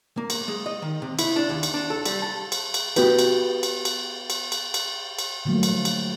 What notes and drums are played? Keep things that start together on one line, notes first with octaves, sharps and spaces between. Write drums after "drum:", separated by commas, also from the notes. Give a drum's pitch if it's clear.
A#3
drum: cymbal
G#3
D#5
D#3
C3
E4, drum: cymbal
D4
D#2
drum: cymbal
D4
A4
G3, drum: cymbal
A5
drum: cymbal
drum: cymbal
B3 F#4 G4 B4, drum: cymbal
drum: cymbal
drum: cymbal
drum: cymbal
drum: cymbal
drum: cymbal
drum: cymbal
drum: cymbal
D3 F3 F#3 A3 A#3
drum: cymbal
drum: cymbal